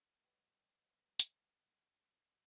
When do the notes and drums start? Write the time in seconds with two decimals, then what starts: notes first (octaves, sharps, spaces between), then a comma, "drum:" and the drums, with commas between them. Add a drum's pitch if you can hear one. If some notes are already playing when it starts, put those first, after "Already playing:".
0.22 G3 B3 G4 C#5 D#5
1.19 drum: hi-hat